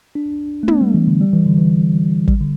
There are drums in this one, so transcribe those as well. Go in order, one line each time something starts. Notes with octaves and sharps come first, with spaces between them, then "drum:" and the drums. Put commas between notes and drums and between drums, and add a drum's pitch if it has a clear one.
D4
A3
B3, drum: tom
G3
E3
D3
G3
E3
D3
E3
G3, drum: kick
D3